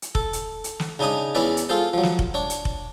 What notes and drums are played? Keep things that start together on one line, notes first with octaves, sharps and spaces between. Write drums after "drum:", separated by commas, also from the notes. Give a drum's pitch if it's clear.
drum: hi-hat
A4, drum: kick F1
drum: hi-hat
drum: hi-hat
drum: snare
C#3 D4 D#4 G#5 D#6
E2 E3 C#4 E4 B4 D5
drum: hi-hat
F4 G#4 A4 C5
F3 F#3
drum: snare
drum: kick F1
D4 C#5
drum: hi-hat
drum: kick F1